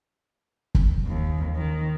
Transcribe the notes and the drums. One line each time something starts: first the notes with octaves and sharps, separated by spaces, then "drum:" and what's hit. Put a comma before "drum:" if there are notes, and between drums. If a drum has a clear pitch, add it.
drum: kick
D#2
D#3